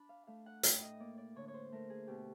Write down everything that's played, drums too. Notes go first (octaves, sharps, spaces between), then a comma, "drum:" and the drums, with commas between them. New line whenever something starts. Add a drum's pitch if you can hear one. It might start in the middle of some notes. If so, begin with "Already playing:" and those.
Already playing: D4 B5
F5
A3 F5
F#5
A2 G5, drum: hi-hat
D#5
A#3 D5
D5
D3 C#5
C#5
C5
A3 A#4
G#4
B2 G4